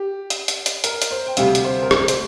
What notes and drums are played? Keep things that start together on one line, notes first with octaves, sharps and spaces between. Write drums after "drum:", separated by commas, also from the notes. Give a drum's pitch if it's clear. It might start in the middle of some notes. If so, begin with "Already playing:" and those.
Already playing: G4
drum: hi-hat
drum: hi-hat
drum: hi-hat
A#4, drum: hi-hat
drum: hi-hat
C5
G5
D2 C3 G3 F5, drum: hi-hat
drum: hi-hat
C5
A#4
C5, drum: rim click
drum: hi-hat